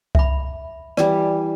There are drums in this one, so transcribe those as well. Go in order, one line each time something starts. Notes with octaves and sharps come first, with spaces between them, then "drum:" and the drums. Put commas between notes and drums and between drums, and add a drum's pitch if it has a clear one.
E5 B5, drum: kick C2
E3 G3 D5, drum: rim click